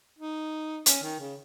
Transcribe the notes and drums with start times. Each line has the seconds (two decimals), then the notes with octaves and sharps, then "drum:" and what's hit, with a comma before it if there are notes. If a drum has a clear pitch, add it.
0.19 D#4
0.86 C#4, drum: hi-hat
1.03 D#3
1.19 C#3